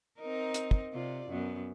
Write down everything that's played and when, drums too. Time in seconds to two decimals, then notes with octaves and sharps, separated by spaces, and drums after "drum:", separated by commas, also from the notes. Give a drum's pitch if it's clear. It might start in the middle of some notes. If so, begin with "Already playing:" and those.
0.20 C4 D#4 A#4
0.54 drum: hi-hat
0.71 drum: kick
0.93 C3 F4 D5
1.29 F#2 B3